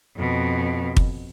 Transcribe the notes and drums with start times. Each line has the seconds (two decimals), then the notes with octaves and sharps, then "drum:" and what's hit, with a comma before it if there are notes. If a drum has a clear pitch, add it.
0.16 F2 B2
0.97 drum: kick